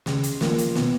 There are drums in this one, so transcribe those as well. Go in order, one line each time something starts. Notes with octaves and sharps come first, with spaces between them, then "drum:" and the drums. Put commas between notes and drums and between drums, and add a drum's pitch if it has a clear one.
C#3, drum: snare
drum: hi-hat
F3 A#3, drum: snare
drum: hi-hat
B2, drum: snare